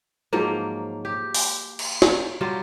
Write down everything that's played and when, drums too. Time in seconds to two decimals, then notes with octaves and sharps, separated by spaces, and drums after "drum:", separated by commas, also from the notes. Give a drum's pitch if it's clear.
0.33 G#2 F3 F#3 A#3
1.05 G4
1.35 drum: open hi-hat
1.79 drum: cymbal
2.02 drum: snare
2.41 F#3 G3 F4